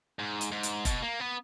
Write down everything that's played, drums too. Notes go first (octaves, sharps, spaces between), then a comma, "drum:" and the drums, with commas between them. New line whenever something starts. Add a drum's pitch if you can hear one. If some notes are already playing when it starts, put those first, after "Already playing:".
G#2
drum: hi-hat
G#2
drum: hi-hat
B2, drum: kick F1, hi-hat
A#3
B3